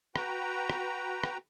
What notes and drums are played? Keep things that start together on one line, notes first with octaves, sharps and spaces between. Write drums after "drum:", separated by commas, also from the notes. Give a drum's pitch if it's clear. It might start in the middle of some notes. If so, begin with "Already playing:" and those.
F#4 B4 G5 A#5, drum: rim click
drum: rim click
drum: rim click